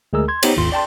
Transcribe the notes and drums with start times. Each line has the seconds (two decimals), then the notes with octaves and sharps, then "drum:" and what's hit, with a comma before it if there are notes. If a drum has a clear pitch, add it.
0.13 D2 G#3 G#4 A#4 E6
0.28 C6 G#6
0.43 B3 D#4 G4 C5 C#5, drum: cymbal
0.57 G#1 D#2 F4 C6
0.72 D5 G5 A5 C6